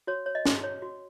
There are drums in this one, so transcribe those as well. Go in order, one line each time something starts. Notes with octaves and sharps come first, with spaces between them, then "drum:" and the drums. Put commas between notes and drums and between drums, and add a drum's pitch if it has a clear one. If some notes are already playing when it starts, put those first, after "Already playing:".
F#4 C#5
C#5
D#5
F#4, drum: snare
C#5
F#4